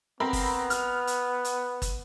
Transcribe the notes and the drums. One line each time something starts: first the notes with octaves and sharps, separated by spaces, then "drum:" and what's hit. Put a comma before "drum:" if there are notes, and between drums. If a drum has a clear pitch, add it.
B3 C4 A#4 B5
drum: kick, open hi-hat
F6, drum: hi-hat
drum: hi-hat
drum: hi-hat
drum: kick, hi-hat